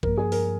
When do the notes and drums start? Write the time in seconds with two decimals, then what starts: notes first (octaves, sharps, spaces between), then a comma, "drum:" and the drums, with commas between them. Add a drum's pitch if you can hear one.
0.03 G2 F3 A#3 A#4, drum: kick
0.18 G#4
0.32 A#4, drum: open hi-hat